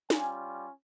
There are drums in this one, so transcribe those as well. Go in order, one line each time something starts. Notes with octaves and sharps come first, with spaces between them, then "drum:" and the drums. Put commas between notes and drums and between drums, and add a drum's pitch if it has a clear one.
G3 C#4 F4 G#5, drum: snare